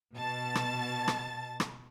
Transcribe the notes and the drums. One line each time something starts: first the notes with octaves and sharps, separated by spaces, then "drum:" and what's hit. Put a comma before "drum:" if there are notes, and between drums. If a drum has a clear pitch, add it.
B2 A5 A6
drum: rim click
drum: rim click
drum: rim click